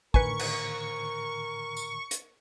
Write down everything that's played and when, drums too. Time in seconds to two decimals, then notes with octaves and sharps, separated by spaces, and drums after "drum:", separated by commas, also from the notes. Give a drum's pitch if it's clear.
0.14 A2 D3 D#3 A#4 B4 G#5 C#6, drum: kick
0.39 drum: cymbal
1.77 drum: tambourine
2.11 drum: hi-hat